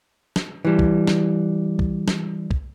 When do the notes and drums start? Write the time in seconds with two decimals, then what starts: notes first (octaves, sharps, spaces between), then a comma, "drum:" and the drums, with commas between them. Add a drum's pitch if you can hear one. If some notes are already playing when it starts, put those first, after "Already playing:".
0.36 drum: snare
0.65 E3 G3
0.79 drum: kick
1.07 drum: snare
1.79 drum: kick
2.08 drum: snare
2.51 drum: kick